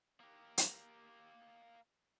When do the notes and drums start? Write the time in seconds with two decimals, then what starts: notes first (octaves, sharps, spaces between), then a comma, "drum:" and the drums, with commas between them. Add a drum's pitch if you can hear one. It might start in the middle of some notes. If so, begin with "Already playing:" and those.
0.20 A#3 G4
0.58 drum: hi-hat